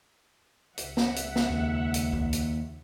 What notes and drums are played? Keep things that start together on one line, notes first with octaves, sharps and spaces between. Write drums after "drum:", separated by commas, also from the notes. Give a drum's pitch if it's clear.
C#2 E5 F#5, drum: hi-hat
drum: snare
drum: hi-hat
drum: snare
D#2
drum: hi-hat
drum: kick C#2
drum: hi-hat